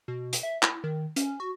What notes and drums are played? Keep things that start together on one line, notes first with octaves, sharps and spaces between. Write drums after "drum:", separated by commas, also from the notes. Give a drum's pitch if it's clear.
B2
drum: hi-hat
E5
E4, drum: clap
D#3
C#4, drum: hi-hat
F#4